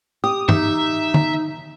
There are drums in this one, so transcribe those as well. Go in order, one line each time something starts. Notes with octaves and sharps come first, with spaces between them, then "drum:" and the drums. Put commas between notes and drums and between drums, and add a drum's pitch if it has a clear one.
G4 D#6
D#4 E5, drum: tom G2
drum: tom D3